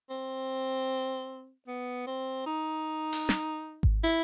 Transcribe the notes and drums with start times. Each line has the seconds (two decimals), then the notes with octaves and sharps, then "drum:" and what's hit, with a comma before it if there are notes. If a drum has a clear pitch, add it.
0.10 C4
1.67 B3
2.07 C4
2.46 D#4
3.13 drum: open hi-hat
3.29 drum: snare
3.83 drum: kick G#1
4.04 E4